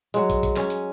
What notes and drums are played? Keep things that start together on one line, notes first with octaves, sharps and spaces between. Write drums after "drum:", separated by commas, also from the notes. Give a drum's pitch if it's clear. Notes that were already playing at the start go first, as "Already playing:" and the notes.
F#3 G#3, drum: hi-hat
drum: kick, hi-hat
drum: kick, hi-hat
C#4, drum: clap
drum: hi-hat